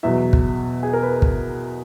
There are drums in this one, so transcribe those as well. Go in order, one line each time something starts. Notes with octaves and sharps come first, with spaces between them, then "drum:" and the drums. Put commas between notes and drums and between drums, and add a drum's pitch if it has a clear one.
E2 B2 F#3 E5
drum: kick
G#4
A#4
B4
drum: kick